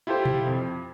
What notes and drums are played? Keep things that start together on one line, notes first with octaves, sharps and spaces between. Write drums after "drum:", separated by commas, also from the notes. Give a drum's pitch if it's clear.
E4 F4 G4 A4 C5
drum: tom B2
F2